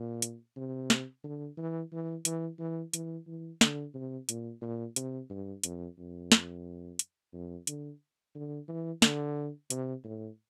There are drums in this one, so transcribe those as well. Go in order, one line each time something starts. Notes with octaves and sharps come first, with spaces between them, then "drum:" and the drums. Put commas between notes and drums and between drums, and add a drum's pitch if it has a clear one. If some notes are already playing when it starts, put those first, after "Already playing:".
Already playing: A#2
drum: hi-hat
C3
drum: snare
D3
E3
E3
E3, drum: hi-hat
E3
E3, drum: hi-hat
E3
D3, drum: snare
C3
A#2, drum: hi-hat
A#2
C3, drum: hi-hat
G2
F2, drum: hi-hat
F2
drum: snare
drum: hi-hat
F2
D3, drum: hi-hat
D3
E3
D3, drum: snare
C3, drum: hi-hat
A2